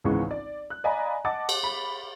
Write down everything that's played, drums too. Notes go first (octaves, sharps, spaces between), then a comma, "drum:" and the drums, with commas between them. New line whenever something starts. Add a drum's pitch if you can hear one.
G#1 C#2 E3 G#3 B3 C#6
D5
F#6
D5 D#5 F5 G#5 A#5 B5
D#5 F#5 A5 D6 A6
drum: cymbal
B5